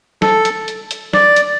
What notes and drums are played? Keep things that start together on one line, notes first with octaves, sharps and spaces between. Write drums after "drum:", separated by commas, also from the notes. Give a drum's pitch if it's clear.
A4, drum: snare
drum: hi-hat
drum: hi-hat
drum: hi-hat
D5, drum: snare
drum: hi-hat